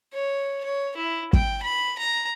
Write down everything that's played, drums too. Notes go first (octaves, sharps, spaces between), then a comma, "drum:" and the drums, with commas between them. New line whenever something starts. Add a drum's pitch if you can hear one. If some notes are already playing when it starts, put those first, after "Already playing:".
C#5
C#5
E4
G5, drum: kick
B5
A#5